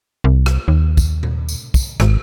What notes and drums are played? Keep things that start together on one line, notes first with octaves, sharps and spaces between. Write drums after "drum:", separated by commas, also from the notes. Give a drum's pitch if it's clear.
C2
drum: rim click
D#2
drum: kick, tambourine
drum: tom A#2
drum: tambourine
drum: kick, tambourine
G#1, drum: rim click